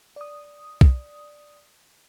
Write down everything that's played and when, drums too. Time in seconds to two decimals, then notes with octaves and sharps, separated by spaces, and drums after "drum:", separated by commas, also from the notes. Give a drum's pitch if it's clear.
0.16 D5 D#6
0.81 drum: kick B1